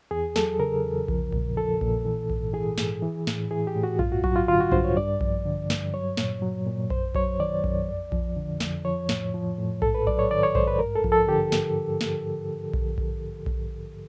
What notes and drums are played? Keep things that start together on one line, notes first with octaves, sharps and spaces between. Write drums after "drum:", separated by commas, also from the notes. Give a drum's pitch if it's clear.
E2 G#4
F#3 A4, drum: snare
C#3 A#4
E2
F3, drum: kick A#1
A#2, drum: kick A#1
F3 A4
A#2, drum: kick A#1
E3
G#2, drum: kick A#1
E3 G#4
G#2, drum: snare
E3
A2, drum: snare
E3 G#4
G4
A2
F#4
G2 F4, drum: kick A#1
F#4
F#3 F#4, drum: kick A#1
F4
D3 F4
F#4
G2 C5, drum: kick A#1
C#5
G2 D5
F3, drum: kick A#1
D3
G2, drum: snare
F#3 C#5
A#2, drum: snare
F#3
A#2
F#2 C5, drum: kick A#1
F#3 C#5, drum: kick A#1
D#3 D5
F#2, drum: kick A#1
F2
F3, drum: kick A#1
D3
F2, drum: snare
F3 C#5
A2, drum: snare
F3
A2
G#2 A4, drum: kick A#1
B4
F#3 D5, drum: kick A#1
C#5
D#3 D5
C#5
G#2 C5, drum: kick A#1
B4
G2 A#4
A4
F3, drum: kick A#1
A4
D3 G4
drum: snare
drum: snare
drum: kick A#1
drum: kick A#1
drum: kick A#1